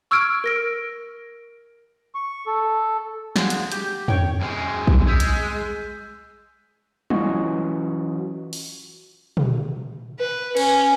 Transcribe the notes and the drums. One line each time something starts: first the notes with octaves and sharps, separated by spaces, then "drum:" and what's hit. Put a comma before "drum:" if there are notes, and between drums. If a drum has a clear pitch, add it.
C#6 E6 F6 G#6 D7
A#4 A#6 D7
C#6
A4
F3 G#3 F#4, drum: snare
drum: hi-hat
G4, drum: hi-hat
C#5 G5, drum: tom
F#2 G#3
drum: kick
G#3 E6 G6 B6
drum: hi-hat
E3 F#3 C#4 F4 F#4 D#5, drum: tom
drum: open hi-hat
drum: tom
B4
C#4, drum: cymbal